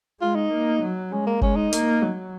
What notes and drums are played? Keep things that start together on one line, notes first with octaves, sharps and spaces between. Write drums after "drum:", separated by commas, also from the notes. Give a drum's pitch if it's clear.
G#3 F4
D#4
A#3
F#3
G#3 C#4
A#3
G#3 C#4, drum: kick F#1
D#4
A#3, drum: hi-hat
F#3